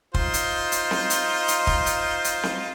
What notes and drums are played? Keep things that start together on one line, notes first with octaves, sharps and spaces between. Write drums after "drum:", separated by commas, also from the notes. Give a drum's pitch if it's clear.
D#4 F4 C5, drum: kick
drum: hi-hat
drum: hi-hat
drum: snare C4
drum: hi-hat
drum: hi-hat
drum: kick
drum: hi-hat
drum: hi-hat
drum: snare C4